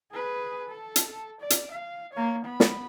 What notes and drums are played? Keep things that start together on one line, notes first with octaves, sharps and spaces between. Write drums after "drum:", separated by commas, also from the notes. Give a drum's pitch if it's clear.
G#4 B4
A4
drum: hi-hat
D5
drum: hi-hat
F5
A#3 C#5
B3 B5
drum: snare